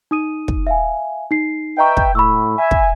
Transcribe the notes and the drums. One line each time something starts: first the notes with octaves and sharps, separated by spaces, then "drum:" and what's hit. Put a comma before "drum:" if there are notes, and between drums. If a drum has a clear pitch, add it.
D#4 D#6 D#7
drum: kick
E5 F5 G#5
D#4 C7
B4 D#5 E5 G5 A#5 C#6
drum: kick
A2 B5 C#6 E6
E5 G#5
drum: kick